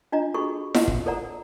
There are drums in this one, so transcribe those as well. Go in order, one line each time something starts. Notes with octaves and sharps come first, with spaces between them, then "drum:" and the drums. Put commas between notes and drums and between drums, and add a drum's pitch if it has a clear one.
D4 F4 D#5 A#5
F#4 G#4 A4 B5 C#6
F4 D#5 F#5, drum: snare E4
drum: kick
A4 A#4 C5 D5 F#5 A#5